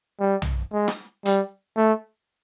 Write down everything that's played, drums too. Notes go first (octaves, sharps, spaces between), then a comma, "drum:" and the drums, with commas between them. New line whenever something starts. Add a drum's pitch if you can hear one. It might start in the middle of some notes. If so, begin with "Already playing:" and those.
G3
drum: tom B1
G#3
drum: snare
G3, drum: hi-hat
A3